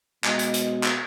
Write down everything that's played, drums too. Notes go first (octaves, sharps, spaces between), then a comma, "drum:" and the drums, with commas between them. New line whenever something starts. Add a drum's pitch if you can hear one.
B2 G#3, drum: clap
drum: hi-hat
drum: hi-hat
drum: clap